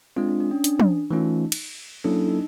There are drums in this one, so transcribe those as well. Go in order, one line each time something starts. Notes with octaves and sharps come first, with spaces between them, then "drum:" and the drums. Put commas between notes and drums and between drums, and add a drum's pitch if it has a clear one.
G#3 C4 D4 F4
D4
D4
C#4
D4, drum: hi-hat
drum: tom
E3 A3 C#4 D#4 F4
drum: cymbal
F#3 A#3 C#4 D4 E4 A4
D#4